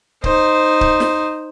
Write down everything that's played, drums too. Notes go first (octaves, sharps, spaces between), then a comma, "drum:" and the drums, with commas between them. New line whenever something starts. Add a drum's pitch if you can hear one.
D#4 C5, drum: kick C#1
drum: kick C#1
drum: snare